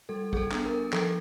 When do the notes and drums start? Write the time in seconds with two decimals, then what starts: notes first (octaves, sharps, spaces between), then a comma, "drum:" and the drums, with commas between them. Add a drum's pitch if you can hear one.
0.09 G3 A4
0.33 G#4, drum: kick A1
0.37 A4
0.52 B3 D4, drum: clap
0.65 A#4
0.93 F3 A4, drum: clap